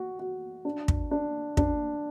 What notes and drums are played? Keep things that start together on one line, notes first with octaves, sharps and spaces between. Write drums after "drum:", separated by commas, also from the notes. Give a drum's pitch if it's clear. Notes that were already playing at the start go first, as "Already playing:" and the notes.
Already playing: F#4
F#4
D4
drum: kick
D4
D4, drum: kick